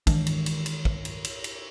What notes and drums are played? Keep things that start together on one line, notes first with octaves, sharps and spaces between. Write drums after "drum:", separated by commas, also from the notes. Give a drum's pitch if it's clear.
D#3 E3 G#3 D4, drum: kick, cymbal
drum: cymbal
drum: cymbal
drum: cymbal
drum: kick
drum: cymbal
drum: cymbal
drum: cymbal